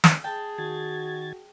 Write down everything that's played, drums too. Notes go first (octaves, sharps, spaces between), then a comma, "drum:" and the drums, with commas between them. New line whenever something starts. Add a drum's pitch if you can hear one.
drum: snare
G#4 G5 A5
D#3 F#4 G#6 A6